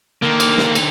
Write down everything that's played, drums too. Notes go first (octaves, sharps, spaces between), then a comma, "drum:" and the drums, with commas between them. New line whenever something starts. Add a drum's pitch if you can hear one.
D3 D#3 A#3
drum: cymbal
drum: snare
drum: cymbal